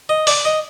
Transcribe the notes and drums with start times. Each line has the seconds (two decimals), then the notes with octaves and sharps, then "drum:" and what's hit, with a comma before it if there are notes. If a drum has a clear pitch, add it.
0.09 D#5
0.27 D5, drum: open hi-hat
0.45 D#5